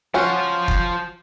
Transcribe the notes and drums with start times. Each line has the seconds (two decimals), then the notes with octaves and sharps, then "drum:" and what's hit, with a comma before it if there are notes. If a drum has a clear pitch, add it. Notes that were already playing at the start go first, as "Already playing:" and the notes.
0.14 F3 C#4 F#4 C5
0.68 drum: kick